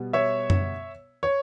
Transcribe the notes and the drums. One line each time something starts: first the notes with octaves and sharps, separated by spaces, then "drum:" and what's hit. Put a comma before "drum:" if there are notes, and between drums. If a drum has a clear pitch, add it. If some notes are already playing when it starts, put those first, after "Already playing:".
Already playing: B2 G3 B3
C#5 E5
drum: tom F#2
C#5